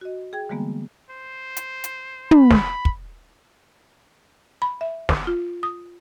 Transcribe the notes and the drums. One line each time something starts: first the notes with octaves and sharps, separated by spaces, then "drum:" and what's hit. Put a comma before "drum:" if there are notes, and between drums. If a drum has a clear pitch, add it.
F#4 D#5
G#4 G5 G#6
D3 E3 G3 G#3 A#3 B3
C5
drum: hi-hat
drum: hi-hat
B5, drum: tom
drum: snare
drum: kick
B5
E5
D6, drum: snare
F4
D#6